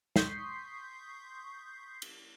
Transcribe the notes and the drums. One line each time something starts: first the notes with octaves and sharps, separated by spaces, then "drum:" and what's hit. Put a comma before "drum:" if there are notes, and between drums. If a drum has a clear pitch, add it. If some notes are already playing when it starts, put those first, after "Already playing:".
C6 C#6 D#6 G6 B6 C7, drum: snare
drum: cymbal